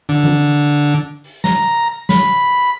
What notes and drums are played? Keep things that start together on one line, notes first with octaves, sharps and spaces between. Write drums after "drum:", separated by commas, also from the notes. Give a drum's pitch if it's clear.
D3
drum: tom E3
drum: open hi-hat
A#5, drum: snare
B5, drum: snare